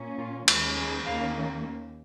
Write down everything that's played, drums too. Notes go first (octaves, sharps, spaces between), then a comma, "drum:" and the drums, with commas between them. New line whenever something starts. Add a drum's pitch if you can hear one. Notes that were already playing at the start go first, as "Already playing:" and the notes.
Already playing: A#2 A#3 C#4
F4
D#2 D#3 G#3 C#4 F4, drum: cymbal
G#4
D#2 D#3 A#3 C#4 F5